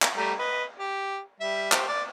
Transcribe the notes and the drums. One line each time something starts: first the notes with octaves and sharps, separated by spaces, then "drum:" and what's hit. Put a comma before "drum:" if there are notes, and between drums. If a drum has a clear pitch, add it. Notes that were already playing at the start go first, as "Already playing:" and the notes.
drum: clap
G3 A3 A#5
B4 D#5
G4
G3 E5
G4 C5, drum: clap
D5